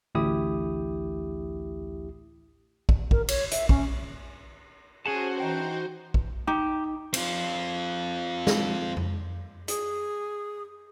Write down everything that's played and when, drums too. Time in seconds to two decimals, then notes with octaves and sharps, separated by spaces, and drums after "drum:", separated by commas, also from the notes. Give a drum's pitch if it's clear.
0.15 A1 D2 E4 G4 D#6
2.89 drum: kick
3.11 A#4, drum: kick
3.28 C#5, drum: cymbal
3.51 E5, drum: hi-hat
3.69 C#4, drum: kick
5.06 C#4 F#4 G#4 C5 F#5 A5
5.39 E3 D#4 G5
6.14 drum: kick
6.47 D#4 G5 D6
7.14 C4 F4, drum: cymbal
8.47 drum: snare
8.97 drum: tom F2
9.68 G#4, drum: hi-hat